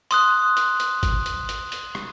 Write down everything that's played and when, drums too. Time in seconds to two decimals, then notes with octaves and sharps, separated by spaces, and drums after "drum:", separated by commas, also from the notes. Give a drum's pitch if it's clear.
0.11 C6 D#6 F#6, drum: hi-hat
0.57 drum: hi-hat
0.80 drum: hi-hat
1.03 drum: kick G#1, hi-hat
1.26 drum: hi-hat
1.49 drum: hi-hat
1.72 drum: hi-hat
1.95 drum: rim click